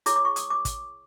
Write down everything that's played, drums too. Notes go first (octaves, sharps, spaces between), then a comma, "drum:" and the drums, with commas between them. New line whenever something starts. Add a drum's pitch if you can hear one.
E4 G#4 C#5 D6, drum: hi-hat
D6
C#6
D#6, drum: hi-hat
D6
drum: kick, hi-hat